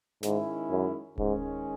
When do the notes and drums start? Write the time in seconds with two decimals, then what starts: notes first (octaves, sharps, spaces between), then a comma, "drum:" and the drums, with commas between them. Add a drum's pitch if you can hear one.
0.23 G#2 D#3 G#3 C#4 E4, drum: snare
0.71 F#2
1.18 G#2 D#3 G#3 C#4, drum: kick D1